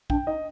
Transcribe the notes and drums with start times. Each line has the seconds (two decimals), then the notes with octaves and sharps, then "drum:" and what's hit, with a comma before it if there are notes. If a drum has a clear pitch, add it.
0.10 D4 G5, drum: kick
0.27 D#4 D#5